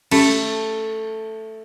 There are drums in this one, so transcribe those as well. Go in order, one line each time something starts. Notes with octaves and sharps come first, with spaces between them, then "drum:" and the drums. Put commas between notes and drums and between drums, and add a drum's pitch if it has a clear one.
A3 C#4 G4, drum: cymbal